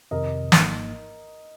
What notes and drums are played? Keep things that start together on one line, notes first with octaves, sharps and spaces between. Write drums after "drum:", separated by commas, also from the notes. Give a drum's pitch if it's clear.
F2 C3 D#3 A#4 D#5
G#1 G#2 F3 A#3 D#4, drum: snare